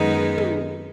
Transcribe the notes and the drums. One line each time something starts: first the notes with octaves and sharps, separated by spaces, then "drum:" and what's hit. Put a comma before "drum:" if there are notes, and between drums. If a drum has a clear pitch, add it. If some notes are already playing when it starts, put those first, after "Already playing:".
Already playing: F#2 D#3 G#3 B3 D#4
drum: tom